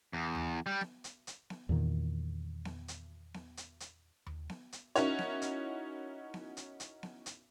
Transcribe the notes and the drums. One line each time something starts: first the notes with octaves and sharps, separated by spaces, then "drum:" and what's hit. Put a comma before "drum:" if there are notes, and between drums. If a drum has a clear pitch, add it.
E2
drum: tom D#2
G3
drum: snare B3
drum: hi-hat
drum: hi-hat
drum: snare B3
E2 A#2 D#3
drum: snare B3
drum: hi-hat
drum: snare B3
drum: hi-hat
drum: hi-hat
drum: tom D#2
drum: snare B3
drum: hi-hat
C#4 D#4 E4 F#4 A#4 C#5, drum: hi-hat
drum: snare B3
drum: hi-hat
drum: snare B3
drum: hi-hat
drum: hi-hat
drum: snare B3
drum: hi-hat